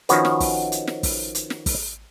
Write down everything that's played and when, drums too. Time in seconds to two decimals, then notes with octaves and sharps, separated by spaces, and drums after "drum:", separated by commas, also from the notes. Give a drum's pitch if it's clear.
0.09 D#3 F3 C#4 F#4 B4, drum: hi-hat
0.25 drum: snare
0.40 drum: kick, open hi-hat
0.72 drum: hi-hat
0.87 drum: snare
1.03 drum: kick, open hi-hat
1.35 drum: hi-hat
1.50 drum: snare
1.66 drum: kick, open hi-hat